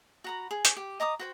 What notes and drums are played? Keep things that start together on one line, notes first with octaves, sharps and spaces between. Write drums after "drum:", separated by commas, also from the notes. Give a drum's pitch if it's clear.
F#4 A#5 B5
G#4
drum: hi-hat
G4
D#5 A#5 D6 D#6
F#4 C5 G5